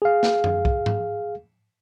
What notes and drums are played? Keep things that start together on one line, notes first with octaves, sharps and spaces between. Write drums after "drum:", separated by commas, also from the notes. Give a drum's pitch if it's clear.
G#4 F5
drum: snare
drum: tom F#2
drum: kick
drum: tom G#2